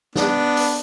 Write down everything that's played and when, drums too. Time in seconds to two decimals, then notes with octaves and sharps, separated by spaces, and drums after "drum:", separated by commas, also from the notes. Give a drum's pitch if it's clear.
0.16 B3 D4, drum: snare
0.57 drum: open hi-hat